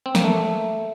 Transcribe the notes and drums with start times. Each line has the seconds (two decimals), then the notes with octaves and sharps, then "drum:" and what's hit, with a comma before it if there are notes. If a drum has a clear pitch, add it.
0.06 C4
0.15 A#3, drum: snare
0.24 A3